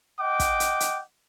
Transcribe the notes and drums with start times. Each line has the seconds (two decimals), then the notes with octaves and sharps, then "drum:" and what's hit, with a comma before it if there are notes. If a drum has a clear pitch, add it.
0.19 D#5 F#5 G5 D6
0.40 drum: kick, hi-hat
0.60 drum: hi-hat
0.80 drum: hi-hat